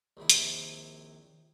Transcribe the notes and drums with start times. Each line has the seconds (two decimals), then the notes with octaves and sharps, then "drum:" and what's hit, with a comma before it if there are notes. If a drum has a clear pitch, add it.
0.17 A#1 D#2 C3 E4
0.30 drum: hi-hat